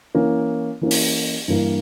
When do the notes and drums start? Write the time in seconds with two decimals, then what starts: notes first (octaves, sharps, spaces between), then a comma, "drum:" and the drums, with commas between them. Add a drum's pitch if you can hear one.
0.15 E3 A#3 C#4
0.81 E3 A#3 C#4
0.91 drum: open hi-hat
1.48 G2 E3 A#3